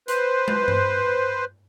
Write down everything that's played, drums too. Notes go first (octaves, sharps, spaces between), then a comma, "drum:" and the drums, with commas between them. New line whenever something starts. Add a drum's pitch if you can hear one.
B4 C5, drum: hi-hat
drum: tom
drum: tom G2